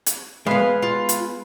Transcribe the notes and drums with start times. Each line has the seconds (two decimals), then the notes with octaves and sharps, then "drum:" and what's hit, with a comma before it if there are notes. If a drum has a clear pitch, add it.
0.06 drum: hi-hat
0.46 G#3 B3 B4 F5
0.82 F4
1.09 drum: hi-hat